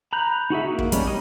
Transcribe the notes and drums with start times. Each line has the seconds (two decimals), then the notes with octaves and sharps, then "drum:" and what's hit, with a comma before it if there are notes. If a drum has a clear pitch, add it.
0.13 A#5 B5 F#6 G6
0.50 D#4 F#4 G#4 E5
0.70 A#3
0.79 drum: kick
0.92 G3 G#3 C#4, drum: kick, hi-hat
1.07 D#4 D#5